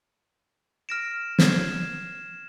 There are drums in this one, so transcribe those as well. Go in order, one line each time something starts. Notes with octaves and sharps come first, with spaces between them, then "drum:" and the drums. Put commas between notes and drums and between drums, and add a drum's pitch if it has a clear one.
F6 A#6 D7 E7
G#6 C7 E7, drum: snare